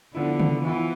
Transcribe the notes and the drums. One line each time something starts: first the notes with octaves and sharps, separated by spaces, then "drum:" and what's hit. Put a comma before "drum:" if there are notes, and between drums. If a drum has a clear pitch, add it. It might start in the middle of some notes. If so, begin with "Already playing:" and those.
D3 F3 B3 E4
drum: tom C#3
E3 F3 B3 E4